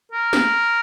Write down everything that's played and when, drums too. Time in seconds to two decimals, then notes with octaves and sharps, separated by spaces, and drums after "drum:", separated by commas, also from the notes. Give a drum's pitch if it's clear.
0.12 A#4
0.33 drum: snare